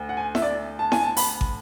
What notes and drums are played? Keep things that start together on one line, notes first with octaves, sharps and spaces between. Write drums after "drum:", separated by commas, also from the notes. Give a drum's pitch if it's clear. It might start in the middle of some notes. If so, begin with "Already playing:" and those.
Already playing: D2
F#5
G#5
E5, drum: snare E4
D5
A5
G#5, drum: snare E4
A5
B5, drum: open hi-hat
drum: kick